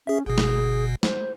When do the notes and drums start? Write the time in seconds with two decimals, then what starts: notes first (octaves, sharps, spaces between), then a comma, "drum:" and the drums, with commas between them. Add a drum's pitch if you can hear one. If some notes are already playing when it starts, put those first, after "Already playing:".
0.07 C#4 G#4 E5
0.26 G1 B2 G#4
0.38 drum: snare
1.03 C5, drum: snare